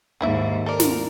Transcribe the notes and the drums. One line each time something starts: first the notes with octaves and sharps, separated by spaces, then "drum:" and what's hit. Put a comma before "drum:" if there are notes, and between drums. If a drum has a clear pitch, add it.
D#2 G#2 A#3 E4 E5
A4 A#4 D5
drum: snare